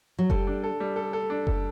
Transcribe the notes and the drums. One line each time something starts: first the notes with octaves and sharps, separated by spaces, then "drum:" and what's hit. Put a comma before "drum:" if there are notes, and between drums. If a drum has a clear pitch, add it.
F#3
G3 A4, drum: kick F#1
D4
A4
G3
A4
A4
D4
A4, drum: kick F#1